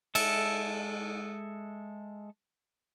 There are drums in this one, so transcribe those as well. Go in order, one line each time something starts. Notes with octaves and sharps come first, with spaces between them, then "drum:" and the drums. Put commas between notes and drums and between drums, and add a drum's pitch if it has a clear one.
G#3 A4 E5, drum: cymbal